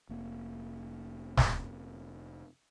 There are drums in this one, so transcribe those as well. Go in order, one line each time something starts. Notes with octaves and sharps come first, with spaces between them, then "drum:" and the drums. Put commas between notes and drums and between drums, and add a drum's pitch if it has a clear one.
F1 A#3
drum: snare